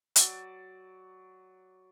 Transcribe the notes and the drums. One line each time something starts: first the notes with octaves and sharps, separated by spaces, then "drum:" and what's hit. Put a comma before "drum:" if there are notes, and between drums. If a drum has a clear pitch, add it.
F#3 D5, drum: hi-hat